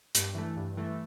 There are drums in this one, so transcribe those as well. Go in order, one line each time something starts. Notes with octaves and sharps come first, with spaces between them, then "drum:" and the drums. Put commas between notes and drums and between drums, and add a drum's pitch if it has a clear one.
G2, drum: hi-hat
E3 A3
G2
E3 A3